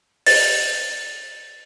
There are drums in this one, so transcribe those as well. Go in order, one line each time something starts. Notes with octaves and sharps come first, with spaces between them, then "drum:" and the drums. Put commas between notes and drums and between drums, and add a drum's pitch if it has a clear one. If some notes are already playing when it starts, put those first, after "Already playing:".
A6, drum: open hi-hat